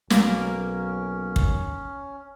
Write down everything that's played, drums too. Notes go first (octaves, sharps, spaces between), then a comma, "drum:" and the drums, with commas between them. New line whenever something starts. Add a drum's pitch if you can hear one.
B1 A#3 C#4 A#4, drum: snare
drum: kick